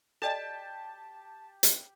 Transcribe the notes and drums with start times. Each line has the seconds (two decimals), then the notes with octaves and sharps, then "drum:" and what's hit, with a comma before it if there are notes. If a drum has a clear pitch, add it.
0.22 G4 A4 D5 D#5 A5
1.63 drum: hi-hat